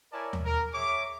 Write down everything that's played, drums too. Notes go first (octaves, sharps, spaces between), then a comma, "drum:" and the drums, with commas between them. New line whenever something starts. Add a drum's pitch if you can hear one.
E4 A#4 C#5 D5 G#5 A5
drum: tom D#2
A#4
G#4 C#5 E5 D6